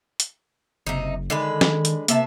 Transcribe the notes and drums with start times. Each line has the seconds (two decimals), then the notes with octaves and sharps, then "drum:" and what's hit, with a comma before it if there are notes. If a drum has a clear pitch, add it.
0.20 drum: hi-hat
0.87 F#1 C3 D#4
1.30 D3 D#3 G#3 B4
1.61 drum: snare
1.85 drum: hi-hat
2.08 C3 A#3 E5 A5, drum: hi-hat